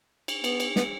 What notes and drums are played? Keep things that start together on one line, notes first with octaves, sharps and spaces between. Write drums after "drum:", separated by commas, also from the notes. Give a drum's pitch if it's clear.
drum: cymbal
B3, drum: cymbal
drum: cymbal
B3, drum: snare